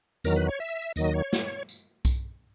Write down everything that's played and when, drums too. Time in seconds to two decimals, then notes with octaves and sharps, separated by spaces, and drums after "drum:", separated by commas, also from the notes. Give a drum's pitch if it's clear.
0.24 E2 D#3 F#3 A#4, drum: tambourine
0.36 B4
0.48 C#5
0.60 E5
0.96 D#2 D#3 F#3 D#5, drum: tambourine
1.14 C#5
1.33 drum: snare
1.69 drum: tambourine
2.05 drum: kick B1, tambourine